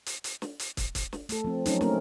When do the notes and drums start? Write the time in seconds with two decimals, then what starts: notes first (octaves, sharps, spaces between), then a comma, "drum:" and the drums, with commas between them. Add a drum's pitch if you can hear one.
0.06 drum: hi-hat
0.24 drum: hi-hat
0.42 drum: snare
0.59 drum: hi-hat
0.77 drum: kick, hi-hat
0.95 drum: kick, hi-hat
1.13 drum: snare
1.29 A3 A4, drum: hi-hat
1.44 F3 C4
1.66 F#3 C#4 D#4, drum: hi-hat
1.81 A3 A#3 C4 C#4 A#4, drum: snare